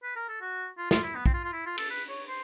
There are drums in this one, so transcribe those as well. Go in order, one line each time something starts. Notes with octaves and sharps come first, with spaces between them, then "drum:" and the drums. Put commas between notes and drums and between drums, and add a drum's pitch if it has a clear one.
B4
A#4
A4
F#4
F4
F4, drum: snare
E4
B3
C4, drum: kick
F4
F4
E4
F4
A4, drum: cymbal
B4
C#5
C5